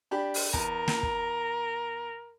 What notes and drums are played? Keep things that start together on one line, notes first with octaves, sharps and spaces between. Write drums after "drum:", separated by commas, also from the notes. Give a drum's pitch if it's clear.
D4 G4 B5
drum: open hi-hat
E2 A#4, drum: kick
drum: snare
drum: kick